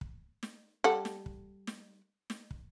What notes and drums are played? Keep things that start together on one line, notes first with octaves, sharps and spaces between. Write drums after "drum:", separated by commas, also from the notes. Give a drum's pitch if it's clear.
drum: kick
drum: snare
G3 A4 F#5
drum: snare
drum: kick
drum: snare
drum: snare
drum: kick